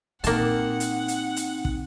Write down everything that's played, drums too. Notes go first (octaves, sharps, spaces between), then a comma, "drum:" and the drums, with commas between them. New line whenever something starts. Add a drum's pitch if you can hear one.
A#2 A#3 C4 D#4 F#5 G5 A5, drum: hi-hat
drum: hi-hat
drum: hi-hat
drum: hi-hat
drum: kick